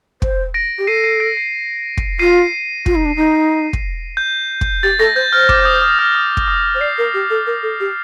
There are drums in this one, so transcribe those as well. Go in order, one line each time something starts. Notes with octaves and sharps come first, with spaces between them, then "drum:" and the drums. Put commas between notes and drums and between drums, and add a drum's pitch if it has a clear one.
C5, drum: kick
A#6 D7
G4
A4 C7 D#7
C7 D#7
A#6 D7
C7
drum: kick
F4 C7 D#7
F4, drum: kick
D#4
D4
D#4
drum: kick
G6
drum: kick
G4 A6
A4 A#6
C5 G6
C5 F6
D6, drum: kick
D#6
D#6
F6
D#6
drum: kick
D#6
C5
D5 C7
A#4
G4
A4
A#4
A4
G4